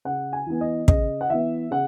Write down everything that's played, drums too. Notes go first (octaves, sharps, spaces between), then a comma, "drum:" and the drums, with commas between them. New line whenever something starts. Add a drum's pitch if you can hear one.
C#3 F#5
G#5
E3 B3
D#5
C#3 D#5, drum: kick
F#5
E3 B3 E5
C#3 F#5